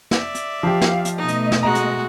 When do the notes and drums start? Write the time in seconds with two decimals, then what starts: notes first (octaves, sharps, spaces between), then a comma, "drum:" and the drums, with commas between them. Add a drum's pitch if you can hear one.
0.11 D5 E5, drum: snare
0.35 drum: hi-hat
0.63 F3 G4 F5
0.81 drum: snare
1.05 drum: hi-hat
1.18 B2 A3 D#4 D#5
1.28 drum: hi-hat
1.52 drum: snare
1.63 G#3 F#4 A#5
1.75 drum: hi-hat